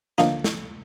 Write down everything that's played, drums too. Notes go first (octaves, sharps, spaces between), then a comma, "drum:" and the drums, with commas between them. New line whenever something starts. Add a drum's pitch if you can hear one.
D3 F3 A#3 D#4, drum: snare
drum: snare